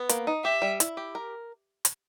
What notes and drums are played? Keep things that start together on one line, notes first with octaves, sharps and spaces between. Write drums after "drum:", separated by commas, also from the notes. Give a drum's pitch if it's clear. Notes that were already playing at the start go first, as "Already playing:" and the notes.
Already playing: B3
A#3, drum: hi-hat
D#4
G4 E5
G3
E4, drum: hi-hat
G4
A#4
drum: hi-hat